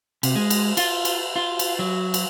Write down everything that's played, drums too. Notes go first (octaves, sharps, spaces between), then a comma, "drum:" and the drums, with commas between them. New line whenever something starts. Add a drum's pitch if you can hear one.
C3, drum: cymbal
G#3
drum: cymbal
F4, drum: cymbal
drum: cymbal
F4
drum: cymbal
F#3
drum: cymbal